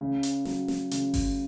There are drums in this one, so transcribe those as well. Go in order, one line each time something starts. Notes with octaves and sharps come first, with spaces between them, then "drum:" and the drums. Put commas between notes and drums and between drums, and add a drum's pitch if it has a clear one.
C#3
drum: hi-hat
F#3, drum: snare
drum: snare
C#3, drum: hi-hat
drum: kick G1, open hi-hat